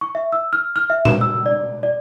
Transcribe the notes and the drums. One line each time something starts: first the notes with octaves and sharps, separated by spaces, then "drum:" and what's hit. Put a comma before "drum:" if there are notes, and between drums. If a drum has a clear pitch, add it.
C#6
E5
E6
F6
F6
E5
E7, drum: tom A#2
E6
D5
D5